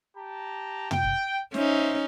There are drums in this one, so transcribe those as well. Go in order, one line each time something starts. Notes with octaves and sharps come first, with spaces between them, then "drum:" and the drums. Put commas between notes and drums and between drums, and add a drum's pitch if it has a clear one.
G4 A5 A#5
G5, drum: tom
drum: kick
C#4 D#4 C5 E5, drum: snare